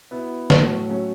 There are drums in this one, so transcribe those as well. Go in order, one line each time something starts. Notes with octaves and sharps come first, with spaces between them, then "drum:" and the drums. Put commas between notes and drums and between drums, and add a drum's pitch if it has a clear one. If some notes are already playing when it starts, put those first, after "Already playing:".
B2 B3 E4
A2 F#3 A3 F#4 A4, drum: snare
B2 F#3 A3 C#4 F#4